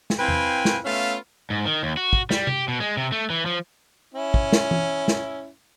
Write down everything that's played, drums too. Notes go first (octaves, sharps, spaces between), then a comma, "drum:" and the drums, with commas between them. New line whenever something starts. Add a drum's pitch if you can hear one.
drum: snare
C4 E4 B4 F5 G5 G#5
drum: tom E2
drum: snare
A3 B3 C#4 F4 E5 F5
G#2
D#3
D#2
F#4
drum: kick
G3, drum: snare
G4, drum: tom C3
B2
G#3
C3
A3
E3
F3
C#4 E4
drum: kick
drum: snare
drum: tom E3
drum: snare